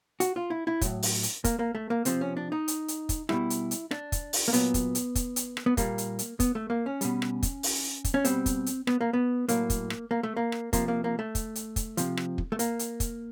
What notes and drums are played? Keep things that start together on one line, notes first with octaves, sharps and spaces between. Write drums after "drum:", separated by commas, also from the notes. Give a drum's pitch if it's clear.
F#4, drum: hi-hat
F4
E4
E4
A2 F#3, drum: kick, hi-hat
drum: open hi-hat
drum: hi-hat
A#3, drum: kick, hi-hat
A#3
A3
A#3
C3 F3 C4, drum: hi-hat
C#4
D4
D#4
drum: hi-hat
drum: hi-hat
drum: kick, hi-hat
B2 G3 E4, drum: rim click
drum: hi-hat
drum: hi-hat
D4, drum: rim click
drum: kick, hi-hat
drum: open hi-hat
A#3
A#2 F#3 B3, drum: hi-hat
drum: kick, hi-hat
drum: hi-hat
drum: kick, hi-hat
drum: hi-hat
drum: rim click
B3
A#2 G3 A#3, drum: kick, hi-hat
drum: hi-hat
drum: hi-hat
B3, drum: kick, hi-hat
A3
A#3
C#4
B2 G3, drum: hi-hat
drum: rim click
drum: kick, hi-hat
drum: open hi-hat
drum: kick, hi-hat
C#4
B2 G3 C4, drum: hi-hat
drum: kick, hi-hat
drum: hi-hat
B3, drum: rim click
A#3
B3
A2 F#3 A#3, drum: hi-hat
drum: kick, hi-hat
drum: rim click
A#3
A3
A#3
drum: rim click
C3 F3 A#3, drum: kick, hi-hat
A#3
A#3
A3
drum: kick, hi-hat
drum: hi-hat
drum: kick, hi-hat
C3 F3, drum: hi-hat
drum: rim click
drum: kick
A3
A#3, drum: hi-hat
drum: hi-hat
drum: kick, hi-hat